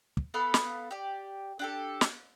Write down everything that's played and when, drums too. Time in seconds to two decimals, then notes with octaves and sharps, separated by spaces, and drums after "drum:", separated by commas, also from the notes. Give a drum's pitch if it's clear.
0.17 drum: kick
0.34 B3 A4 F5 B5
0.54 drum: snare
0.91 G4 D5
1.59 D4 G4 A4
2.01 drum: snare